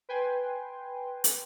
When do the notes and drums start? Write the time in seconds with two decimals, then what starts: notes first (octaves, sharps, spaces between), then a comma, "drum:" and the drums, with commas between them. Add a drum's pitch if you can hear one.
0.09 B4 G5 G#5 C6
1.24 drum: hi-hat